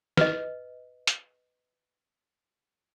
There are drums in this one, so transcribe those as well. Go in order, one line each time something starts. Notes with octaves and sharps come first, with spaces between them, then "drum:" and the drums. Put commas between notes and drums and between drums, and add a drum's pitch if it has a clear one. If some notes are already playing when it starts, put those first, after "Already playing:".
B4 D#5, drum: snare
drum: hi-hat